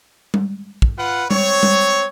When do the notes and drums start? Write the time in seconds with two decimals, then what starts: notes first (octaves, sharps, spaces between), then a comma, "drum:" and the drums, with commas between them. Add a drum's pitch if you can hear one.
0.34 drum: tom G3
0.82 drum: kick
0.97 F4 B4 F#5
1.31 C4 C#5, drum: tom G3
1.63 drum: tom G3